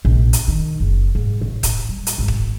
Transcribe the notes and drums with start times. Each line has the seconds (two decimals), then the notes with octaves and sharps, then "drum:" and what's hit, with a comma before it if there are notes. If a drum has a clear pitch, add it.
0.05 A#1
0.33 drum: hi-hat
0.48 D#3
0.80 F#1
1.15 G#2
1.41 A1
1.63 drum: kick, hi-hat
1.89 G3
2.07 drum: hi-hat
2.18 G#1
2.28 drum: kick